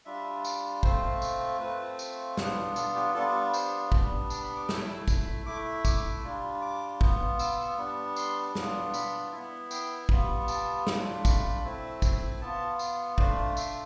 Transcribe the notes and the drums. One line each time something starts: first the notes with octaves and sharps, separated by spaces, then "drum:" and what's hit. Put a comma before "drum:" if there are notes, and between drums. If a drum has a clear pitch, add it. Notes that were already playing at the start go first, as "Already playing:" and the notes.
G3 D4 F4 E5
drum: tambourine
A3 C4 F4 C5, drum: kick
drum: tambourine
A3 C4 F4 B4
drum: tambourine
B3 D4 F4 B4, drum: snare
A4, drum: tambourine
G4
G3 B3 D4 F4 A4
C5, drum: tambourine
G3 B3 D4, drum: kick
A5, drum: tambourine
B5
D6
A3 E4 E6, drum: snare
drum: kick, tambourine
A3 E4 D6
D6, drum: kick, tambourine
G3 D4 F4
D6
B3 F4, drum: kick
E6, drum: tambourine
G3 B3 D4
C6, drum: tambourine
B3 D4 F4, drum: snare
B5, drum: tambourine
B3 E4
G5, drum: tambourine
G3 B3 F4, drum: kick
A5, drum: tambourine
A3 D4 F4, drum: snare
B5, drum: kick, tambourine
A3 C4 E4
drum: kick, tambourine
B3 F4 A5
drum: tambourine
A3 D4 F4 C5, drum: kick
E5, drum: tambourine